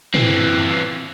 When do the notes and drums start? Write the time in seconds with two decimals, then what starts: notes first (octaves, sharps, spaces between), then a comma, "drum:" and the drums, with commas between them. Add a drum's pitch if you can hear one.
0.14 E3 C4, drum: tom